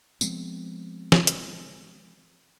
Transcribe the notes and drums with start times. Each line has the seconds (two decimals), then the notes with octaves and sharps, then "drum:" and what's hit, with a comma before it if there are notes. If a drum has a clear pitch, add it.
0.21 F3 G#3 B3 C4, drum: tambourine
1.12 drum: snare
1.27 drum: hi-hat